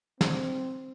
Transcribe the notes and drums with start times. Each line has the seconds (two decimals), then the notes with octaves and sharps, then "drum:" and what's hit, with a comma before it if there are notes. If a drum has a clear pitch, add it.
0.21 C4, drum: snare